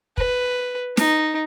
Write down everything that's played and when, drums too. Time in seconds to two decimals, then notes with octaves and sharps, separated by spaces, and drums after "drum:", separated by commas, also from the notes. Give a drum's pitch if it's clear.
0.18 B4, drum: kick
0.97 D#4, drum: snare